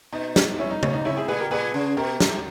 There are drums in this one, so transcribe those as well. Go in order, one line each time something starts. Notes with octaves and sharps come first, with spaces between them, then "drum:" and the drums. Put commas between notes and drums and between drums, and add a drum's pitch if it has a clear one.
B2 D#4
drum: snare
C#4 E4
D#4
C#4, drum: tom C#3
D#4
G#2 C#4 E4
E4 G#4
A#2 G#4 B4
G4 A#4
A#2 G#4 B4
C#3
B2 G4 A#4
G#2, drum: snare